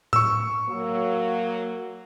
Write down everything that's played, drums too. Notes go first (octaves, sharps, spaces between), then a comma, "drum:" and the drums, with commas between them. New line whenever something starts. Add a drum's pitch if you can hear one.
C#6 E6, drum: tom A2
F#3 A#3